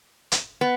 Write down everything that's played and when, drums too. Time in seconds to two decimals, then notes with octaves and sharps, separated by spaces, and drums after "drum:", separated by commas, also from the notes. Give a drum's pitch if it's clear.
0.32 drum: hi-hat
0.61 B3